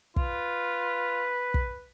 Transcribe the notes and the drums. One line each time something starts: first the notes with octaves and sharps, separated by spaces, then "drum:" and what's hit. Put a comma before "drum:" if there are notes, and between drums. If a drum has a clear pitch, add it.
F4 B4, drum: kick
drum: kick